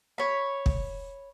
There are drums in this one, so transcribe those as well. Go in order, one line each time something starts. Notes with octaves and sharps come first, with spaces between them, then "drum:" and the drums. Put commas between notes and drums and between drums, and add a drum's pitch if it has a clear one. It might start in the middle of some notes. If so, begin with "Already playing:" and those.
C#5 B5
drum: kick